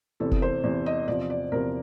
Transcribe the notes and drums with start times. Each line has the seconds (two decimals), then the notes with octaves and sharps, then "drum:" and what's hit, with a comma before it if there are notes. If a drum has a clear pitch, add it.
0.20 E2 C3 E3 A4
0.31 drum: kick F1
0.42 C5
0.63 E2 C3 E3
0.86 D#5
1.07 E2 C3 F3 D5
1.30 D5
1.51 E2 C3 F3 A#4